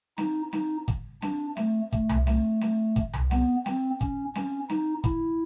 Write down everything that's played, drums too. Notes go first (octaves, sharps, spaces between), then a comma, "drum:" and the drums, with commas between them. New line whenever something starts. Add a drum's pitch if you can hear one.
D#4, drum: snare C4
D#4, drum: snare C4
drum: kick
D4, drum: snare C4
A3, drum: snare C4
A3, drum: kick
drum: tom C2
A3, drum: snare C4
drum: snare C4
drum: kick
drum: tom C2
B3, drum: snare C4
C4, drum: snare C4
C#4, drum: kick
C#4, drum: snare C4
D#4, drum: snare C4
E4, drum: kick